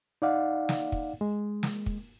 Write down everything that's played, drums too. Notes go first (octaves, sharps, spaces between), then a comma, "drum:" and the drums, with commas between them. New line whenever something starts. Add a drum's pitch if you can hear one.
D#4 D5 F5 F#5
drum: snare
drum: kick
G#3
drum: snare
drum: kick